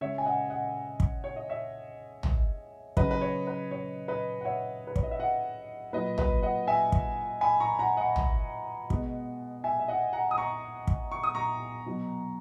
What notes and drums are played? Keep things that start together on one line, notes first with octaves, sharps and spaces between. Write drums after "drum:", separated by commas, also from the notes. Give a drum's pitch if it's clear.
C#3 G#3 C#5 E5
G#5
D#5 F#5
D#5 F#5
drum: kick
C#5
D#5
C#5 E5
drum: tom A#1
C#3 F#3 B4 D#5, drum: kick
B4
C#5
B4
C#5
B4 D#5
F#5
C#5 E5
B4
C#5, drum: kick
D#5
E5
D#5 F#5
A#2 F#3 B4 D#5
B4 D#5, drum: tom A#1
D#5 F#5
E5 G#5
drum: kick
G#5 B5
A#5 C#6
F#5 A#5
D#5 F#5
drum: tom A#1
B2 G#3, drum: kick
E5 G#5
E5
D#5 F#5
F#5 A#5
D#6
A#5 C#6
drum: kick
C#6
D#6
A#5 C#6
B2 F#3